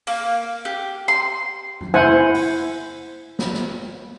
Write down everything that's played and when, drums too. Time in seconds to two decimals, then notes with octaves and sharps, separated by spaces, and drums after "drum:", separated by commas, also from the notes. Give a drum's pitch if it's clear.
0.07 A#3, drum: open hi-hat
0.65 G4
1.08 C6
1.81 drum: tom
1.94 E4 C5 F#5 G#5, drum: tom
2.34 drum: open hi-hat
3.39 drum: snare
3.54 drum: snare